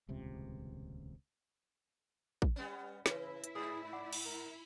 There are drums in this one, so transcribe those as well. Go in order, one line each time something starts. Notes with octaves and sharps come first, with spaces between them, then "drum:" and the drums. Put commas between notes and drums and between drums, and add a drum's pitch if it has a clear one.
D#1 C#2 C3
drum: kick A1
G3 B3 C#4
C#3 E3 E4 B4 C#5, drum: snare
drum: hi-hat
G#2 G#4
D5 F#5
drum: cymbal
A#4